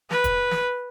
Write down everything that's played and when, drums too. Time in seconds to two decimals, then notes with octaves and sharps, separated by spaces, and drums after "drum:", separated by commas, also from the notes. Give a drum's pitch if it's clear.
0.11 B4, drum: snare
0.24 drum: kick, hi-hat
0.51 drum: snare